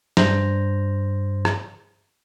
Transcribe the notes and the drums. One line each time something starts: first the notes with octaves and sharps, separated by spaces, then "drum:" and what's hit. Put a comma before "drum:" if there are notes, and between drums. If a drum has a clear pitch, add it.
G2 C5 A#5, drum: snare
drum: rim click